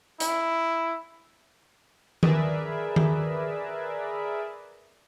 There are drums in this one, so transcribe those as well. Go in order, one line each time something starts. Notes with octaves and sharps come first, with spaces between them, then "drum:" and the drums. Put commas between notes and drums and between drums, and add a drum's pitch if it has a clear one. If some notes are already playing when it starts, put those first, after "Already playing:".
E4, drum: hi-hat
G#4 A#4 B4 D5 E5, drum: tom D#3
drum: tom D#3